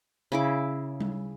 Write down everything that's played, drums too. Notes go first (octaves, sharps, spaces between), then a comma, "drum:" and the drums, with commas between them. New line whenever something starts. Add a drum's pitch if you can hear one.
C#3 E4 D6
drum: tom G3